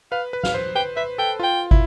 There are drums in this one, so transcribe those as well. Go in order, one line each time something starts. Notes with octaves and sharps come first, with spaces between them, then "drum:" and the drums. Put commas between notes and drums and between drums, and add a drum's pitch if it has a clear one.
B4 F5
B4
F5, drum: snare
C5
B4 G5
B4 E5
A4 G5
F4 G5
E4, drum: kick